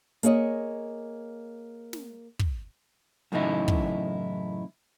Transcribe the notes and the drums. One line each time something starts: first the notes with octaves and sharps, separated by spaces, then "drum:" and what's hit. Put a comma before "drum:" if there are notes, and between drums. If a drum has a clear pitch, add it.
A#3 G#4 C#5 D#5, drum: hi-hat
drum: snare
drum: kick
F#2 A2 C#3 E3 D#4 E4
drum: kick